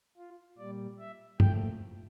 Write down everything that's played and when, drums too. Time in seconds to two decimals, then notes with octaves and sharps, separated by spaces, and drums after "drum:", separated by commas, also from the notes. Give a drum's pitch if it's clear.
0.17 F4
0.58 A#2 G3 D5
0.99 E5
1.40 A#2 F3 A3 G5, drum: tom